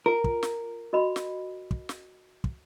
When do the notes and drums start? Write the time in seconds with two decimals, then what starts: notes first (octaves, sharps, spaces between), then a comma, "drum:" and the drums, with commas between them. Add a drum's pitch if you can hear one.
0.06 F4 A#4
0.24 drum: kick
0.43 drum: snare
0.93 F#4 D#5 B5
1.16 drum: snare
1.71 drum: kick
1.89 drum: snare
2.44 drum: kick